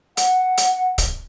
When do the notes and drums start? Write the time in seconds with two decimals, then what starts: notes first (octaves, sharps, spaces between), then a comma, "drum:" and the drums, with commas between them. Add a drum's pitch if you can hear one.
0.17 F#5, drum: hi-hat
0.58 drum: hi-hat
0.98 drum: kick C#1, hi-hat